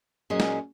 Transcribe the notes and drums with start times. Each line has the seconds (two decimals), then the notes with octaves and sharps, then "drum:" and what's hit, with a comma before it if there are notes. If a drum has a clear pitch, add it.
0.30 A#2 F#3 C#4 G#4 D#5
0.40 drum: snare